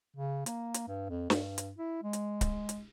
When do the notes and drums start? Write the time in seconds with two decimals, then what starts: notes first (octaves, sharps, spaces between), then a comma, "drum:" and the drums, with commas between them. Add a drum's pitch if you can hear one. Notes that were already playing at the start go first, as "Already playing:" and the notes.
0.16 C#3
0.46 A#3, drum: hi-hat
0.74 drum: hi-hat
0.88 G2
1.09 F2
1.30 G2, drum: snare
1.58 drum: hi-hat
1.78 E4
2.03 G#3
2.13 drum: hi-hat
2.41 drum: kick C#1, hi-hat
2.69 drum: hi-hat